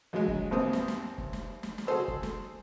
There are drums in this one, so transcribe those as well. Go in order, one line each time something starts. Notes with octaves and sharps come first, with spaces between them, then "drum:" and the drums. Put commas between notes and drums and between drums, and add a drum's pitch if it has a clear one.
A#1 F#3 G#3
drum: kick
G#1 D#2 B3 C4 D#6
drum: snare
drum: snare
drum: kick
drum: snare
drum: snare
drum: snare
F#4 G#4 A4 C5 E6
drum: kick
drum: snare